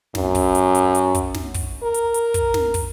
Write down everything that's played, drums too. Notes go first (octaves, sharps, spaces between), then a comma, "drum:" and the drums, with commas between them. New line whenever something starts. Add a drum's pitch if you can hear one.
F#2, drum: snare
drum: kick, open hi-hat
drum: hi-hat
drum: hi-hat
drum: hi-hat
drum: kick, hi-hat
drum: snare
drum: kick, open hi-hat
A#4
drum: hi-hat
drum: hi-hat
drum: kick, hi-hat
drum: snare
drum: kick, open hi-hat